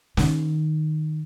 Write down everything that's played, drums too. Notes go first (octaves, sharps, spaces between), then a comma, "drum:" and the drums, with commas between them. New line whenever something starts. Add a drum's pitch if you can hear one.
D#3, drum: snare